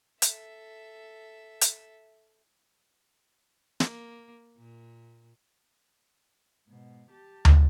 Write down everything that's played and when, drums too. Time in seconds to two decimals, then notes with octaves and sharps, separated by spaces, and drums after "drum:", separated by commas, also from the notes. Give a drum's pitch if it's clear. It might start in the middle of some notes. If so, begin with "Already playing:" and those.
0.22 A4 E5, drum: hi-hat
1.61 drum: hi-hat
3.80 A#3, drum: snare
4.57 A#2
6.67 G#2 B2
7.09 G4 A5
7.45 drum: tom D2